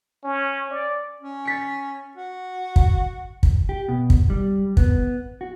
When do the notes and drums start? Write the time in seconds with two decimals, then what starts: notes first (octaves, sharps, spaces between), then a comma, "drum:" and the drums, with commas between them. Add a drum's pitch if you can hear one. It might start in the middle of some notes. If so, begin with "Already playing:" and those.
0.24 C#4
0.71 D5
1.20 C#4
1.45 A6 B6 C#7
2.17 F#4
2.76 drum: kick
3.43 drum: kick
3.69 G4
3.88 B2
4.10 drum: kick
4.30 G3
4.77 B3, drum: kick
5.41 F#4